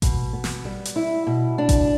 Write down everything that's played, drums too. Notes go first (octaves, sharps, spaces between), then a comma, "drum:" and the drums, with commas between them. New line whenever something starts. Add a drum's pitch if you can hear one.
B2, drum: kick A1, hi-hat
B3
drum: snare
G3
drum: hi-hat
E4
B2
D4
drum: kick A1, hi-hat